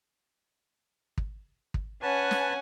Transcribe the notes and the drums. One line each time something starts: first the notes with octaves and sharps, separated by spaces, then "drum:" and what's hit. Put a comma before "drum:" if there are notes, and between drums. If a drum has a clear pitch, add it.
drum: kick
drum: kick
C#4 B4 F#5 G#5 A5
drum: snare